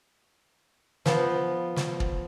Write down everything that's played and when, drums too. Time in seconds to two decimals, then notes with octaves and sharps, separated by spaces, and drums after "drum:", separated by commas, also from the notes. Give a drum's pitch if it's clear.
1.06 F3 B3, drum: snare
1.76 drum: snare
2.00 drum: kick